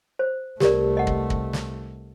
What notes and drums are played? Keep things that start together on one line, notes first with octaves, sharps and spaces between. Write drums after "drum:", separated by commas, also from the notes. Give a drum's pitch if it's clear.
C5
C2 A3 G4 A#4 D5, drum: snare
D#5 F#5
drum: kick
drum: kick
drum: snare